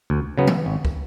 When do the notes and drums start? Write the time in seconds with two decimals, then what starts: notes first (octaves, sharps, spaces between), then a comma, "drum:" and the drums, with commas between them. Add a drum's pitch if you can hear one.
0.10 D2
0.38 C#3 F#3 B3
0.47 drum: tom D#3
0.66 G#1
0.85 drum: kick